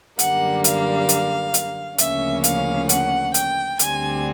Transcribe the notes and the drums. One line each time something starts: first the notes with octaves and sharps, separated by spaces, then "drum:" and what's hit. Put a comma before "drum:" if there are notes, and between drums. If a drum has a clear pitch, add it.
F#2 D3 G3 A#3 F#5, drum: hi-hat
F5, drum: hi-hat
drum: hi-hat
drum: hi-hat
D2 C#3 F3 A#3 C#4 E5, drum: hi-hat
F5, drum: hi-hat
F#5, drum: hi-hat
G5, drum: hi-hat
D2 D3 G3 C4 G#5, drum: hi-hat